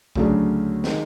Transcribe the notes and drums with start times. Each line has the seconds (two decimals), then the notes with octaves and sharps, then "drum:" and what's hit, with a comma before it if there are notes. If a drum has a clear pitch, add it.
0.16 D2 C#3 F#3 A3 D4, drum: kick
0.84 D#3 G#3, drum: snare